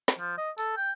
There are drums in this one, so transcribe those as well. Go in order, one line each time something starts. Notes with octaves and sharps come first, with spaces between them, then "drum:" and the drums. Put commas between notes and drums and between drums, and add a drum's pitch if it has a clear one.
drum: snare
F3
D#5
A4, drum: tambourine
G5